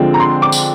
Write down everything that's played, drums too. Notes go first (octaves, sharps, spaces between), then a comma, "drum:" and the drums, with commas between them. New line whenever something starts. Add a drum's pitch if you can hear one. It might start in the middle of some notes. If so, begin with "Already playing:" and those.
Already playing: D3 F3 G#3 C4
A#5
C6
D6
drum: tambourine